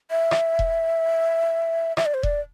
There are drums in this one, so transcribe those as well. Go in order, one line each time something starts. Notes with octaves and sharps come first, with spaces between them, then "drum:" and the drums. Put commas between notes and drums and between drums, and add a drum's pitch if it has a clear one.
E5
drum: rim click
drum: kick E1
E5, drum: rim click
D5
C5
D5, drum: kick E1